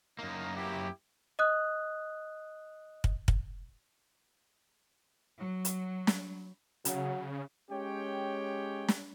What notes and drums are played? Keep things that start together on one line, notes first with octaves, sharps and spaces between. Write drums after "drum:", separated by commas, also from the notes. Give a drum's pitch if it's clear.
F#2 A#3 D#4 A#4
B3 E4 G4
D#5 D#6 F#6
drum: kick
drum: kick
F#3
drum: hi-hat
drum: snare
C#3 F#3, drum: hi-hat
G#3 C#4 G4 C#5 G5
drum: snare